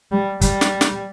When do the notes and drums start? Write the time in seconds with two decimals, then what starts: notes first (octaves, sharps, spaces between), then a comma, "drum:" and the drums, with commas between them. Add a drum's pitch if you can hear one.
0.12 G3
0.41 G3, drum: kick, hi-hat
0.61 drum: snare
0.81 drum: snare